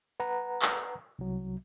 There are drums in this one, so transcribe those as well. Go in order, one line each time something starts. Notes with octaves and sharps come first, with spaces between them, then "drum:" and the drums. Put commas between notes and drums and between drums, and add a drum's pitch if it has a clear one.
B4 F#5 A#5
drum: clap
C2 F#3